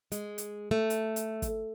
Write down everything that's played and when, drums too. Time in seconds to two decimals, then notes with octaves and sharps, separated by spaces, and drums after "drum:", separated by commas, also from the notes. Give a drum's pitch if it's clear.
0.12 G#3, drum: hi-hat
0.38 drum: hi-hat
0.71 A3
0.90 drum: hi-hat
1.16 drum: hi-hat
1.42 drum: kick, hi-hat